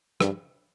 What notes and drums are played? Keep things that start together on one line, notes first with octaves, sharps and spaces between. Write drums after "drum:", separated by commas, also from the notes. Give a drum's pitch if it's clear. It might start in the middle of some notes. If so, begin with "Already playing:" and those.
G2, drum: rim click